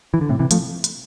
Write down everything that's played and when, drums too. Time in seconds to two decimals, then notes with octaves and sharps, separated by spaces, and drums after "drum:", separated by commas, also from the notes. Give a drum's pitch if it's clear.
0.14 E3
0.21 D3
0.29 A2 C3
0.39 C3 E3
0.51 F3 A3, drum: hi-hat
0.84 drum: hi-hat